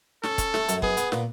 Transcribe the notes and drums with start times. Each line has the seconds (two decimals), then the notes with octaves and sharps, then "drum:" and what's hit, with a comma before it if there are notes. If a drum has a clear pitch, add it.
0.23 C#4 A4, drum: snare
0.38 C#4, drum: kick, hi-hat
0.54 A3, drum: snare
0.68 F#2, drum: hi-hat
0.82 B3 G#4, drum: kick
0.97 B3, drum: hi-hat
1.12 A#2, drum: snare